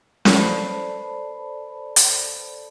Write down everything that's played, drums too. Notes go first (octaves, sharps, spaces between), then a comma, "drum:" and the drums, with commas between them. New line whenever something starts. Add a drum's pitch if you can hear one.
A4 B4 C5 D5 A5 B5, drum: snare C#4
drum: hi-hat